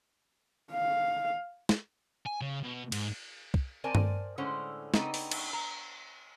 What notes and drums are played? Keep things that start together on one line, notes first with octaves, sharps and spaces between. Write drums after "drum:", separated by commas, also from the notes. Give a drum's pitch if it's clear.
F5
drum: snare
G#5
C#3
B2
G#2, drum: cymbal
drum: kick
C4 A#4 C5 D5 G#5 A5
drum: tom G2
A2 D3 G#3 C#4 C5 F#5
C#3 B3 C4 D4 D#4, drum: snare
drum: open hi-hat
drum: cymbal
A#5